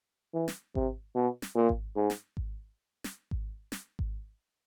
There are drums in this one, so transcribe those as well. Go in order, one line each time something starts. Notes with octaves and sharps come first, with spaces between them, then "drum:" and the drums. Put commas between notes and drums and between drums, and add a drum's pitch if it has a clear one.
E3
drum: snare
C3, drum: kick G#1
B2
drum: snare
A#2
drum: kick G#1
G#2
drum: snare
drum: kick G#1
drum: snare
drum: kick G#1
drum: snare
drum: kick G#1